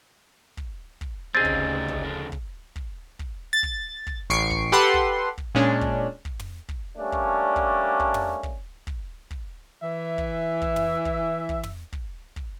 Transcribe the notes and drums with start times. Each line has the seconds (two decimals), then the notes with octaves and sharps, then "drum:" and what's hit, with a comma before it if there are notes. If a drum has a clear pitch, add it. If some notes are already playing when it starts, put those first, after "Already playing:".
0.57 drum: kick
1.01 drum: kick
1.35 D2 C#3 G3 C4 D#4 G#4 A6
1.45 drum: kick
1.88 drum: kick
2.03 F2 D3
2.32 drum: kick
2.76 drum: kick
3.19 drum: kick
3.53 A6
3.63 drum: kick
4.07 drum: kick
4.30 A1 C#6 C7 D7
4.50 drum: kick
4.72 G4 A4 B4 F#5 C6
4.94 drum: kick
5.38 drum: kick
5.55 A#2 G#3 C#4 D4
5.81 drum: kick
6.25 drum: kick
6.39 drum: tom
6.69 drum: kick
6.98 G3 A3 A#3 C#4 D4
7.12 drum: kick
7.56 drum: kick
8.00 drum: kick
8.14 drum: tom
8.43 drum: kick
8.87 drum: kick
9.31 drum: kick
9.82 E3 E5
10.18 drum: kick
10.62 drum: kick
10.76 drum: tom
11.05 drum: kick
11.49 drum: kick
11.63 drum: tom
11.93 drum: kick
12.36 drum: kick